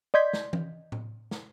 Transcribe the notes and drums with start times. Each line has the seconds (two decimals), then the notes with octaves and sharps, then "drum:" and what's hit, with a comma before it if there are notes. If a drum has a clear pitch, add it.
0.14 D5 D#5 C6 G6 G#6 B6
0.33 drum: snare
0.53 drum: tom E3
0.92 drum: tom A2
1.31 drum: snare